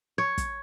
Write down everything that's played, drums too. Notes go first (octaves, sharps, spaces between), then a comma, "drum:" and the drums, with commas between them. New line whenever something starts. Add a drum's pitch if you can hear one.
C#5
drum: kick, hi-hat